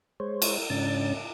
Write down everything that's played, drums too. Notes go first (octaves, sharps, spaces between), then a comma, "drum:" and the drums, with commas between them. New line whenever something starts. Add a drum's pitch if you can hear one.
G#3 C5 C#5
drum: cymbal
G#2 C#3 C#4 D4 A6